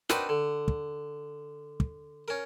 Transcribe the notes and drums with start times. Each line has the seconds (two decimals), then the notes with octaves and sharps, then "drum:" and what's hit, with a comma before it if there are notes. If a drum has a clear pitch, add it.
0.09 C4 D4 D#4 F#4 A#4 B4, drum: snare
0.29 D3
0.68 drum: kick
1.80 drum: kick
2.28 C#4 A#4